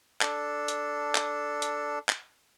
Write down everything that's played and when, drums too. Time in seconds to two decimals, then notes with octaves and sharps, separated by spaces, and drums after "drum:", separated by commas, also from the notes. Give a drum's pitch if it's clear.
0.21 D4 A4, drum: clap
0.68 drum: hi-hat
1.15 drum: clap
1.62 drum: hi-hat
2.09 drum: clap